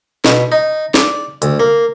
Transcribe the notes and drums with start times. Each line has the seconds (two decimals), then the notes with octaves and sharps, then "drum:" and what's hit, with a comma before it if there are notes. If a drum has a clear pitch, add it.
0.25 B2, drum: snare
0.52 D#4
0.94 D5, drum: snare
1.42 D2, drum: hi-hat
1.60 A#3